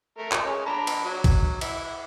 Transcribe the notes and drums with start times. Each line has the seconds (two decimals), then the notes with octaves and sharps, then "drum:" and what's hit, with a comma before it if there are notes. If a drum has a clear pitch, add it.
0.18 A3 A#4
0.32 drum: clap
0.45 G#3 C#4
0.66 D4 A#5 B5
0.87 drum: cymbal
1.04 F#3
1.24 drum: kick, cymbal
1.61 E4, drum: cymbal